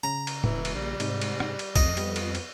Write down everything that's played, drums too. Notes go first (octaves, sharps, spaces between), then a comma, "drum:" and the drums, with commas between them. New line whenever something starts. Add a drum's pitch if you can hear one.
C#3 A#5
drum: cymbal
E1 E3, drum: tom
drum: cymbal
A#1 G3
G#2 C3, drum: cymbal
drum: cymbal
drum: rim click
drum: cymbal
A1 F2 D#5, drum: kick, cymbal
G3 B3, drum: cymbal
drum: cymbal
drum: cymbal